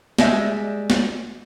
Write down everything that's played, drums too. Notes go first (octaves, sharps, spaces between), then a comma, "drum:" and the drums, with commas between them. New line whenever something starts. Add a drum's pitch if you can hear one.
G3 G#3 E5, drum: snare
drum: snare